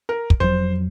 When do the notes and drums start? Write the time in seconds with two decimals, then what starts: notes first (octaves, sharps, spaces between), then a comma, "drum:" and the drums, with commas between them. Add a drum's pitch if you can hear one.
0.09 A#4
0.30 drum: kick
0.40 F2 F#3 C5